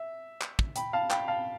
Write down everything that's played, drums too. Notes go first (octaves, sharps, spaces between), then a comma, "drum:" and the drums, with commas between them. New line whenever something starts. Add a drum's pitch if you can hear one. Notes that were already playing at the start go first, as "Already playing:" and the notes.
Already playing: E5
drum: clap
drum: kick
G5 B5, drum: hi-hat
F5 A5
G5 B5, drum: clap
F5 A5